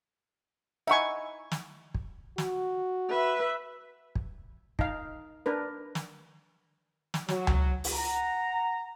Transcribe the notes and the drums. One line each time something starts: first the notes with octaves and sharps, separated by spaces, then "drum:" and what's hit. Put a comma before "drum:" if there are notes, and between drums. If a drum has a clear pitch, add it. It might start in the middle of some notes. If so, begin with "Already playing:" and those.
D#4 E4 E5 F#5 G#5 C#6
drum: snare
drum: kick
F#4, drum: snare
B4 E5
drum: kick
D#4 F5, drum: kick
D4 A#4 B4
drum: snare
drum: snare
F#3, drum: snare
drum: tom C#2
drum: open hi-hat
F#5 A#5